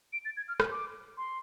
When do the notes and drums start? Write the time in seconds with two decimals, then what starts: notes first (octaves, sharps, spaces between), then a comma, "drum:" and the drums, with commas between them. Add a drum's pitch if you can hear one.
0.13 D7
0.25 A6
0.37 G#6
0.48 F6
0.60 F6, drum: rim click
0.71 D6
1.17 C6